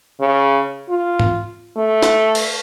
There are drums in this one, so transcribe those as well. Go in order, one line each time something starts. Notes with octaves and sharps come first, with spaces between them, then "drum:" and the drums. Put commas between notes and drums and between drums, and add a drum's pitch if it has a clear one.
C#3
F4
drum: tom G#2
A3
drum: snare
drum: cymbal